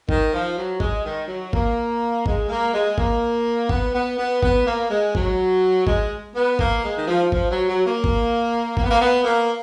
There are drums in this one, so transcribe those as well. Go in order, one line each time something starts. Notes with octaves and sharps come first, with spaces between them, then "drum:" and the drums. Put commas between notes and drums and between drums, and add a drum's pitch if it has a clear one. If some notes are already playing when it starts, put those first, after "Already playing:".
D#3, drum: kick G#1
F3
F#3
G#3, drum: kick G#1
D#3
F#3
A#3, drum: kick G#1
G#3, drum: kick G#1
A#3
G#3
A#3, drum: kick G#1
B3, drum: kick G#1
B3
B3
B3, drum: kick G#1
A#3
G#3
F#3, drum: kick G#1
G#3, drum: kick G#1
B3
A#3, drum: kick G#1
G#3
D#3
F3
F3, drum: kick G#1
F#3
F#3
A#3
drum: kick G#1
A#3, drum: kick G#1
B3
A#3
B3
A#3